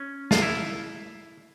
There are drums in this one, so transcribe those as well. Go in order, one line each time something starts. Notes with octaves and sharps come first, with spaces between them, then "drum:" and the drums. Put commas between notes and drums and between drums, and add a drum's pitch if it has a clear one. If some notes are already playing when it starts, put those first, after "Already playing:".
Already playing: C#4
F4, drum: snare
E4